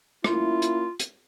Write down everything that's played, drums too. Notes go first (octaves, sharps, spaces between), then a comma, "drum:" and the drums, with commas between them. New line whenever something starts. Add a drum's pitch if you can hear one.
A#3 C#4 E4 F4, drum: rim click
drum: hi-hat
drum: hi-hat